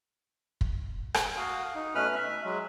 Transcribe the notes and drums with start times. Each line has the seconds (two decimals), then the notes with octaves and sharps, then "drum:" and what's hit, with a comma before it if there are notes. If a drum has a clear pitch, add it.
0.61 drum: kick
1.14 drum: rim click
1.37 F#4 F5 D#6
1.75 D#4
1.95 B2 A3 C#4 B4 B5 F6
2.15 E5
2.45 F#3 G#3